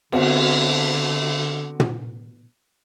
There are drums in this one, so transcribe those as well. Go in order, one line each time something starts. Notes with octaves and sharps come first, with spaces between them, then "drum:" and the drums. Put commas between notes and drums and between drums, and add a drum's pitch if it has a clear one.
D3 B3 C4 F#4, drum: cymbal
drum: tom